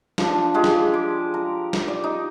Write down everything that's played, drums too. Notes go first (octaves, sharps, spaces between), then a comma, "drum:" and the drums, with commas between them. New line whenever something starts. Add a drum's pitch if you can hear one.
F3 D4, drum: snare
F3 G#3 G4
drum: snare
D6
A#4
drum: snare
D5
D#4